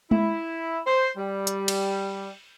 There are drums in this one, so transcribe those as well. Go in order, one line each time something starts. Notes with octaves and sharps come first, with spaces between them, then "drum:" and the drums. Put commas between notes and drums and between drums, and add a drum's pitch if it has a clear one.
E4, drum: tom G#3
C5
G3
drum: hi-hat
drum: cymbal